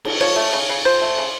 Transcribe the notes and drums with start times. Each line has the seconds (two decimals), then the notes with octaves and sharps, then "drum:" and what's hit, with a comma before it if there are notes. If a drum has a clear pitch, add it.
0.05 drum: cymbal
0.21 F3 C#5
0.36 A3
0.53 C#3
0.69 C#3
0.85 F3 C5
1.02 A3
1.18 C#3